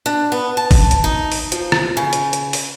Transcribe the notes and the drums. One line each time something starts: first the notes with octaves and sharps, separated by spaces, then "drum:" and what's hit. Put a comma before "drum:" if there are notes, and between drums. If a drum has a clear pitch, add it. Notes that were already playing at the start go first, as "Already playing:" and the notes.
D4
B3
A5
drum: kick G1, open hi-hat
drum: hi-hat
D#4
drum: open hi-hat
F3, drum: hi-hat
drum: rim click
C#3
drum: hi-hat
drum: hi-hat
drum: open hi-hat